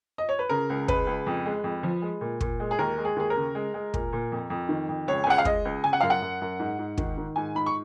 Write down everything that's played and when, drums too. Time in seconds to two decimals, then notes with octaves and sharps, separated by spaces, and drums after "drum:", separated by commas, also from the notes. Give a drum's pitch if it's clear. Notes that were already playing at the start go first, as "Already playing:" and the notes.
0.18 D#5
0.29 C#5
0.39 B4
0.49 C#3 A#4
0.70 C#2
0.88 G#3 B4, drum: kick
1.07 C#2
1.26 F2
1.46 G#3
1.64 F2
1.83 F3
2.02 G#3
2.21 A#2
2.41 A#2, drum: kick
2.60 G#3
2.71 G#4
2.78 D#2 A#4
2.98 G#3
3.05 G#4
3.16 D#2 G#4
3.30 A#4
3.36 C#3
3.55 G#3
3.74 G#3
3.94 A#2, drum: kick
4.13 A#2
4.32 F2
4.50 F2
4.69 D#3
4.89 F2
5.07 C#2 C#5
5.24 G#5
5.26 C#2 F#5
5.38 F5
5.45 G#3 D#5, drum: kick
5.65 C#2
5.83 C#3 G#5
5.93 F#5
6.01 F#2 F5
6.10 F#5
6.22 F#2
6.41 F#2
6.59 G#2
6.79 G#2
6.98 D#3, drum: kick
7.17 D#3
7.36 G#2 G#5
7.55 G#2 B5
7.66 C#6